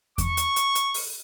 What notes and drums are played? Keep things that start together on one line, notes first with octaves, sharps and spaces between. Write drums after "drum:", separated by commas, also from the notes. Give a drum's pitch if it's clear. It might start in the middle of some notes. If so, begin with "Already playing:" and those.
C#6, drum: kick E2, hi-hat
drum: hi-hat
drum: hi-hat
drum: hi-hat
drum: open hi-hat